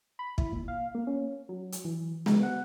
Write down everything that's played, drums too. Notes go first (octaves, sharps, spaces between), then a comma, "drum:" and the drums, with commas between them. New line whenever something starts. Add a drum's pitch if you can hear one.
B5
E4, drum: kick
A#2
F5
A#3
C#4
F#3
drum: hi-hat
E3
G#3, drum: snare B3
F#5